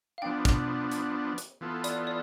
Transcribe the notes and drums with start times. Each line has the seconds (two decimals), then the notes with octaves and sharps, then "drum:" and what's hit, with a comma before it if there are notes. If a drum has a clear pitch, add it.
0.18 F5
0.22 F3 B3 D4 G5
0.45 drum: kick, hi-hat
0.92 drum: hi-hat
1.38 drum: hi-hat
1.61 E3 B3 F4 A4
1.84 D5, drum: hi-hat
2.07 D5